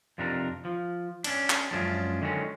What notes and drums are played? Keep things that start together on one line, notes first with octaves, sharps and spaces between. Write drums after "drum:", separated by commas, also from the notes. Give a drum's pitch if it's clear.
F2 C3 D4 D#4 A#4
F3
C#4 D4, drum: cymbal
drum: clap
F#2 F3 G#3 C#4 D4
D3 D#3 F#3 G#3 C#4